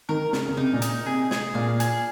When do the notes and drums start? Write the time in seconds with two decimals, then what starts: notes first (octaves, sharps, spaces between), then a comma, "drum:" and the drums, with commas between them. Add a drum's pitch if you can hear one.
0.09 D#3 A#4
0.33 C#3 A#4, drum: snare
0.48 C#3
0.57 C3 D#4
0.73 A#2
0.82 D#4, drum: hi-hat
1.06 C3 G#4
1.31 G#4, drum: snare
1.54 A#2 F5
1.80 G#4, drum: hi-hat